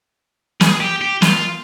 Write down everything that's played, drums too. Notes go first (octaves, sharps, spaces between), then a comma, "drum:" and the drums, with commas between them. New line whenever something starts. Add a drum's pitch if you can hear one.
G#4, drum: snare
G4
G4
F4, drum: snare